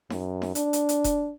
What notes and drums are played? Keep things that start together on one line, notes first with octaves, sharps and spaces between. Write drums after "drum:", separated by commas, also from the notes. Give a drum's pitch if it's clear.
F#2, drum: snare D#4
drum: snare D#4
D4, drum: hi-hat
drum: hi-hat
drum: hi-hat
drum: kick E1, hi-hat